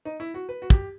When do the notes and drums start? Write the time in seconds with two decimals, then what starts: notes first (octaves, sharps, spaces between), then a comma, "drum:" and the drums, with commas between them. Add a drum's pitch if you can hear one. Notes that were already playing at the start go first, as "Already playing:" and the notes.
0.05 D#4
0.20 E4
0.34 F#4
0.49 B4
0.62 F#4
0.70 G4, drum: kick